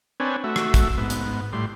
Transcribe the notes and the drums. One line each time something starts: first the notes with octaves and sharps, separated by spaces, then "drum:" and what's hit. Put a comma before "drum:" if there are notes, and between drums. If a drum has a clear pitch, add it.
C4 D4 B4 C#5 G#5
A3 F#4 E5
drum: rim click
drum: kick, hi-hat
G#2 B3
drum: hi-hat
A2 G3 C6